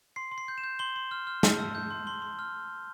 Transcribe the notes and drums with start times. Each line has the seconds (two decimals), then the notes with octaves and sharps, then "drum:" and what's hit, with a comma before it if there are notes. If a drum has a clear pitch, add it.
0.16 C6 C7
0.31 C6
0.38 C7
0.48 G6
0.58 E7
0.64 G6
0.79 C6 G7
0.96 C6
1.11 F6
1.27 F6
1.43 A5, drum: snare
1.58 E6
1.75 G6
1.91 C6
2.07 C6 G7
2.22 C6
2.39 F6